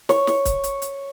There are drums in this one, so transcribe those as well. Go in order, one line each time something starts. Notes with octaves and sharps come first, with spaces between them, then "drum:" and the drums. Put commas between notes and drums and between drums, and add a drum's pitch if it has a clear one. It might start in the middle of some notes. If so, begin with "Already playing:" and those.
C#5, drum: snare
drum: snare
drum: kick, hi-hat
drum: hi-hat
drum: hi-hat